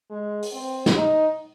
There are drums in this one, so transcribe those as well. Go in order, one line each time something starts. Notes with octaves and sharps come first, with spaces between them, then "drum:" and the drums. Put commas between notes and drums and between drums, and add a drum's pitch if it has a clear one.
G#3
drum: open hi-hat
C4
drum: snare
D#4